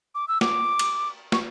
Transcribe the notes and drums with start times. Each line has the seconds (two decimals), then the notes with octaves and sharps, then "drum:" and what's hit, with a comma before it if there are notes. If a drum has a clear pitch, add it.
0.15 D6
0.28 E6
0.41 D6, drum: snare
0.79 drum: cymbal
1.32 C#6, drum: snare